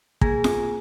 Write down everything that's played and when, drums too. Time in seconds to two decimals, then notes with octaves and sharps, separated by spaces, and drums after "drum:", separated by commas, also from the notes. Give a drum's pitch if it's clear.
0.21 A#3 G#4 G#5 A#5 G#6 A#6, drum: kick
0.44 drum: snare